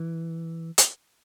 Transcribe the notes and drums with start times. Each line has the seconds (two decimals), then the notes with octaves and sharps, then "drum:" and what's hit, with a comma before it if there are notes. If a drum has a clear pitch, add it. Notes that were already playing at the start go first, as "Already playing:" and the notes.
Already playing: E3
0.78 drum: hi-hat